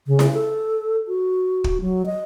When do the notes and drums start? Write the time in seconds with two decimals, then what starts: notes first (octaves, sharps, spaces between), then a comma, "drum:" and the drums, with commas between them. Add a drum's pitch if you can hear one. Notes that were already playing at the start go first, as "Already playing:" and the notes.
0.07 C#3
0.19 drum: snare E4
0.34 A4
1.08 F#4
1.64 drum: kick
1.81 F#3
2.06 D#5